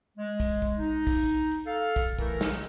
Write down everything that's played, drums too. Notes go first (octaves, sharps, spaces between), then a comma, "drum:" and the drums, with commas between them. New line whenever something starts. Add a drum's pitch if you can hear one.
G#3
drum: kick, hi-hat
drum: kick
D#4
drum: kick, open hi-hat
drum: hi-hat
drum: hi-hat
A4 F5
drum: kick, hi-hat
E3 A3 E4 A4 A#4, drum: kick, hi-hat
drum: snare